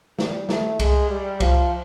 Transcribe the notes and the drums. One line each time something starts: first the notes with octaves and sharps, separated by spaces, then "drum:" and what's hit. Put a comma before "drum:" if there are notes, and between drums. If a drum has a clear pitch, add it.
G3, drum: snare
A3, drum: snare
G#3, drum: kick C2, cymbal
G3
F3, drum: kick C2, cymbal